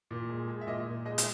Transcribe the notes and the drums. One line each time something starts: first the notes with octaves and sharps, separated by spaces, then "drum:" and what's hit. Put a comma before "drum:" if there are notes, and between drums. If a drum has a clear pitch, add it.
A#2
G#3
G#3
E5
A#2 D#5
A#2
G#3 D#5
drum: hi-hat